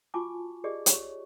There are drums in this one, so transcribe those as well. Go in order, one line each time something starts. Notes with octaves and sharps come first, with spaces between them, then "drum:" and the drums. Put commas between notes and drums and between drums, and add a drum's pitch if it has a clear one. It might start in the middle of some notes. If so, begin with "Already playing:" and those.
F4 F#4 G#5 A5 C#6 D6
G4 G#4 D5 D#5
G4 C#5 C#6, drum: hi-hat